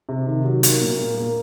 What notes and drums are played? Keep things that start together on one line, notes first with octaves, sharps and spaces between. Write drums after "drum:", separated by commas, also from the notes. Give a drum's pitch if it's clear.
C3
D#3
F#3
A#3, drum: hi-hat
A#2
A#3
A#3